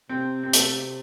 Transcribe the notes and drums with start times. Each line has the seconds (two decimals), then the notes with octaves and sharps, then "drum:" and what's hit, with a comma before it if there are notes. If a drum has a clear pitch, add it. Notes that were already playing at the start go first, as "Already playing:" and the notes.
0.09 C3 C4
0.43 C4
0.53 A3, drum: hi-hat